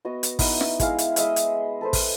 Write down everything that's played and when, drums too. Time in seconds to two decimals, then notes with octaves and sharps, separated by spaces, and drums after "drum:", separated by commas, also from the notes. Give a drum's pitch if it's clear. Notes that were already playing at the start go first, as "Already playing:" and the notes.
0.05 B3 F#4 D#5
0.23 drum: hi-hat
0.39 B3 D#4 E4 F#5, drum: kick, open hi-hat
0.61 drum: snare
0.80 G#3 E4 F5, drum: kick, hi-hat
0.98 drum: hi-hat
1.16 G#3 D#5 E5, drum: hi-hat
1.36 drum: hi-hat
1.81 A4 B4 C5
1.93 drum: kick, open hi-hat